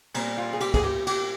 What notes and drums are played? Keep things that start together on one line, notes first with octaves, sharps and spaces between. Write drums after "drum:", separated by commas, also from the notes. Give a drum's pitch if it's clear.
A#2 G3 C4, drum: cymbal
F4
G#4
G4, drum: cymbal
G#4, drum: kick, cymbal
G4
G4, drum: cymbal